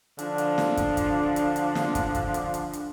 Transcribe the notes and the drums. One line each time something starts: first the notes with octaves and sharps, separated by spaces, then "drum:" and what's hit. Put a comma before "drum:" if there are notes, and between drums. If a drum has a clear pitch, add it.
D3 F3 D4, drum: hi-hat
drum: hi-hat
drum: snare
drum: kick, hi-hat
drum: kick, hi-hat
drum: hi-hat
drum: hi-hat
drum: snare
drum: kick, hi-hat
drum: kick, hi-hat
drum: hi-hat
drum: hi-hat
drum: hi-hat